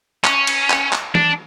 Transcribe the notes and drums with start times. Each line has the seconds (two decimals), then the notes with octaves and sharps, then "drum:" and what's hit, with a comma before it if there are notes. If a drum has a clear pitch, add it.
0.24 C#4, drum: clap
0.47 drum: cymbal
0.70 drum: clap
0.93 drum: clap
1.15 D4, drum: tom E3